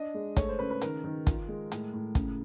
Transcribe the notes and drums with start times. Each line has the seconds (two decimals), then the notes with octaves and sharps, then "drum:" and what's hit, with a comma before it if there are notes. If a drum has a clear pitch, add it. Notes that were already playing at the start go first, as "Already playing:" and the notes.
Already playing: D4 D#5
0.14 G#3
0.36 A3 C#5, drum: kick, hi-hat
0.49 C5
0.59 C#3 B4
0.70 B4
0.82 D#3 A#4, drum: hi-hat
1.04 D#3
1.27 F4, drum: kick, hi-hat
1.48 G#3
1.72 A2, drum: hi-hat
1.93 A2
2.15 C#3, drum: kick, hi-hat